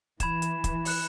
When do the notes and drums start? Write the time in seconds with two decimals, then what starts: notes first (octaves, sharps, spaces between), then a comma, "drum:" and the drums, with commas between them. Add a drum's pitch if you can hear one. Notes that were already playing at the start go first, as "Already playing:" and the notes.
0.20 E3 B5 G#6 E7, drum: kick, hi-hat
0.42 drum: hi-hat
0.64 drum: kick, hi-hat
0.85 B5 F#6 E7, drum: open hi-hat